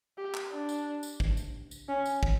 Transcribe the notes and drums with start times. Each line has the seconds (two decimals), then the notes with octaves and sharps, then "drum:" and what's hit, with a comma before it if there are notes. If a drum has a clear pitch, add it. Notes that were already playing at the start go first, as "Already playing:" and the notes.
0.18 G4
0.34 drum: clap
0.52 D4
0.69 drum: tambourine
1.03 drum: tambourine
1.20 drum: kick
1.37 drum: tambourine
1.71 drum: tambourine
1.88 C#4
2.06 drum: tambourine
2.23 drum: kick